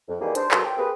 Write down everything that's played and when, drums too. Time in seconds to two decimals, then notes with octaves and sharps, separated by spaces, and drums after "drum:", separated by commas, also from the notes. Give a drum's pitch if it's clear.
0.09 F2
0.21 D#3 E3 G3 A#3 D#4 G#4
0.35 D4 C5, drum: hi-hat
0.51 B2 F#3 A4 A#4 A5 C6, drum: clap
0.64 G5
0.77 A#3 C4 G4 G#4 B4